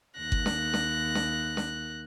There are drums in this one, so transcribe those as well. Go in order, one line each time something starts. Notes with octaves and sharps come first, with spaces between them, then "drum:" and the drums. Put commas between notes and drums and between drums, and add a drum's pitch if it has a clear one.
D#2 F#6 A#6
drum: kick G1
drum: snare
drum: snare
drum: snare
drum: snare